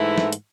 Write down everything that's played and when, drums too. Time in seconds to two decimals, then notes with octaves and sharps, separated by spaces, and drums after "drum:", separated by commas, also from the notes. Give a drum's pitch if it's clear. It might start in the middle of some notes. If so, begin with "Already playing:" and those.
Already playing: G#2 E3 A3 E4
0.18 drum: snare
0.33 drum: hi-hat